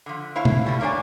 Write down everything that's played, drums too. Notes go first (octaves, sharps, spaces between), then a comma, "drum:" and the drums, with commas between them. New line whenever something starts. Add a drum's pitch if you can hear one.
D3 F3
A3 E4 C5 C#5 F5
drum: tom B2
B2 G3 A3
E2 A#3 D4 C#5 D5 G#5